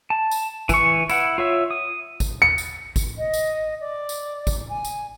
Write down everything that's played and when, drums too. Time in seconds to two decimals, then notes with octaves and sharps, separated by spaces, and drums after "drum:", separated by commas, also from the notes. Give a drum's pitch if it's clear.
0.10 A5
0.31 drum: tambourine
0.69 E3 C#6, drum: kick, tambourine
1.09 E4 F#5, drum: tambourine
1.38 F4 C#5 E5
1.71 D#6
2.20 drum: kick, tambourine
2.42 C#7
2.58 drum: tambourine
2.96 drum: kick, tambourine
3.17 D#5
3.34 drum: tambourine
3.80 D5
4.09 drum: tambourine
4.47 drum: kick, tambourine
4.69 G#5
4.85 drum: tambourine